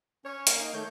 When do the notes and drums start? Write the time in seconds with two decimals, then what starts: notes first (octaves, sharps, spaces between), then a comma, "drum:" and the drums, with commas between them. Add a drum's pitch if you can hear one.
0.25 C#4 C#5
0.47 A#3, drum: hi-hat
0.61 D#4
0.74 D#3 A3 C#5 G6